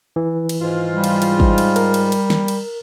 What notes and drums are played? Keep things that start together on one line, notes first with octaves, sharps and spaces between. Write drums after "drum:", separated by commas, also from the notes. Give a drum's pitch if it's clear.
E3
drum: cymbal
G#2 F4
G3
drum: cymbal
drum: cymbal
drum: kick
drum: cymbal
A#4, drum: cymbal
drum: cymbal
drum: cymbal
drum: snare
drum: cymbal